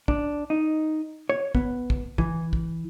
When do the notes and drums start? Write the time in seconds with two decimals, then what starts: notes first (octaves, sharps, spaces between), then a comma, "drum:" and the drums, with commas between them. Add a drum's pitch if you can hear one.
0.08 D4, drum: kick
0.50 D#4
1.29 C#5
1.55 B3, drum: kick
1.90 drum: kick
2.18 E3, drum: kick
2.53 drum: kick